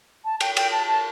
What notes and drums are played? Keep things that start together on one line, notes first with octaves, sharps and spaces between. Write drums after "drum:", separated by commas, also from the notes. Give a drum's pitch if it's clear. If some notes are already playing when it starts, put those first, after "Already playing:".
A5
G5, drum: cymbal
G5, drum: cymbal
A5
A5